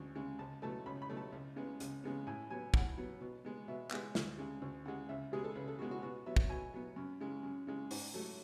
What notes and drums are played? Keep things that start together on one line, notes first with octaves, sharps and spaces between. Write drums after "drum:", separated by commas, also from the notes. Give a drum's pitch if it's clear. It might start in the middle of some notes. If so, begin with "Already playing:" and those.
Already playing: D2 C#3 G#3
C#3 G#3
C#2 A5
B2 F#3 A3 A5
C#2 B5
B5
B2 F#3 A3
A5
C#2
C#3 G#3 B3
C#2, drum: hi-hat
C#3 G#3 B3
A2 G#5
F#3 B3 G#5
A2 F#5, drum: kick
F#3 B3
B2
G#3 B3
B2 E5
G#3 B3, drum: clap
D2, drum: snare
C#3 G#3
D2
C#3 G#3 F#5
C#2 E5
B2 G#3 B3 G#4
A4
C#2 B4
A4
B2 G#3 B3 F#4
F#4
B2 F#4
F#3 B3 E5
drum: kick
B2 G#5
F#3 B3
F#2
C#3 G#3
F#2
C#3 G#3
G#2, drum: open hi-hat
F#3 A3